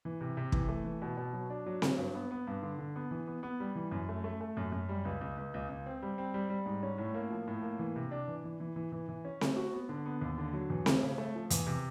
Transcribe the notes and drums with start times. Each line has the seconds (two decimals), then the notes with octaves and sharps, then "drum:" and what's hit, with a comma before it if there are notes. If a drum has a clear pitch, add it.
0.05 E3
0.21 C3
0.37 C3
0.52 E3, drum: kick
0.69 A3
0.85 E3
1.02 B2
1.17 B2
1.33 F#3
1.50 D4
1.66 F#3
1.82 F#3, drum: snare C4
1.98 G2
2.15 B3
2.31 B3
2.47 G2
2.63 D3
2.78 D3
2.96 B3
3.11 E3
3.27 B3
3.43 B3
3.60 G3
3.75 E3
3.91 F#2
4.09 A3
4.24 A3
4.40 A3
4.57 F#2
4.72 F#2
4.89 G3
5.05 C#2
5.21 C#2
5.38 C#2
5.54 C#2
5.69 C#2
5.86 C4
6.02 G3
6.18 C4
6.34 G3
6.50 G3
6.66 G#2
6.83 C#4
6.98 A2
7.14 A#3
7.30 F3
7.48 A2
7.63 A#3
7.79 E3
7.96 C3
8.11 D4
8.28 E3
8.44 E3
8.60 E3
8.76 E3
8.92 E3
9.09 E3
9.25 C#4
9.41 A3, drum: snare C4
9.56 F#4
9.73 B3
9.89 D3
10.06 B3
10.21 D#2
10.38 D3
10.53 F#3
10.70 E2
10.86 A3, drum: snare C4
11.03 C#3
11.18 A3
11.35 F3
11.50 E2, drum: hi-hat
11.67 C3